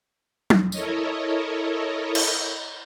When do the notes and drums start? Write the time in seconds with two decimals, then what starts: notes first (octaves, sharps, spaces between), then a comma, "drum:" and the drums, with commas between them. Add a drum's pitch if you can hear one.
0.50 drum: tom
0.72 E4 A4 A#4 C#5 D#5, drum: tambourine
2.15 drum: cymbal